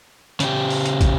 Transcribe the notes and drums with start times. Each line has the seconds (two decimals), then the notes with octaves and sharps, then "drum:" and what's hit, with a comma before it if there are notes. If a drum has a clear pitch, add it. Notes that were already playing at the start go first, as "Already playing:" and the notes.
0.40 C#3 G4, drum: hi-hat
0.70 drum: open hi-hat
0.86 drum: hi-hat
1.01 drum: kick, hi-hat